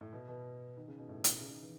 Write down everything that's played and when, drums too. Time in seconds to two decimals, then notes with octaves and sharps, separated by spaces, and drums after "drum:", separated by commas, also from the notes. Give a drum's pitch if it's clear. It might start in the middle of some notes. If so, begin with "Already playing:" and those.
0.01 A2
0.13 B2
0.28 B2
0.77 D#3
0.88 C#3
0.98 B2
1.09 A2
1.24 B2, drum: hi-hat
1.41 C#3
1.51 D#3
1.62 E3